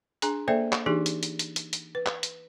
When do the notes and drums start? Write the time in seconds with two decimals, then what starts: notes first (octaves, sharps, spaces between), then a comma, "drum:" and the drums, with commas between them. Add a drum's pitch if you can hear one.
0.22 D4 G#4 G#5 A#5, drum: hi-hat
0.48 A#3 A4 C5 D5 E5 G5
0.72 drum: clap
0.86 E3 D4 D#4 G4 G#4 G#5
1.06 drum: hi-hat
1.23 drum: hi-hat
1.39 drum: hi-hat
1.56 drum: hi-hat
1.73 drum: hi-hat
1.95 B4
2.06 drum: clap
2.23 drum: hi-hat